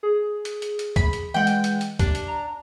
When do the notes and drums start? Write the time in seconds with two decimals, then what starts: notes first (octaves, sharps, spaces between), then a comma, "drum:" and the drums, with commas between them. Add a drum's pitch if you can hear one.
0.03 G#4
0.45 drum: hi-hat
0.62 drum: hi-hat
0.79 drum: hi-hat
0.96 B5, drum: kick C#2, hi-hat
1.13 drum: hi-hat
1.34 E3 G#3 F#5 G5
1.47 drum: hi-hat
1.64 drum: hi-hat
1.81 drum: hi-hat
1.99 D4 G4, drum: kick C#2, hi-hat
2.15 drum: hi-hat
2.28 A#5